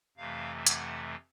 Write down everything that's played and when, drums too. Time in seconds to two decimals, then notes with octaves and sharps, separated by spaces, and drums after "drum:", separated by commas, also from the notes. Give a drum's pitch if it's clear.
0.17 F2 C3 E3 A3 F5
0.67 F#5, drum: hi-hat